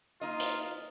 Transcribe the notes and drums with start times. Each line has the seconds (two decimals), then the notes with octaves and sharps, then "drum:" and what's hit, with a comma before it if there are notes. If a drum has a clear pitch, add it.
0.21 A#3 D#4 F4 D#5
0.40 drum: hi-hat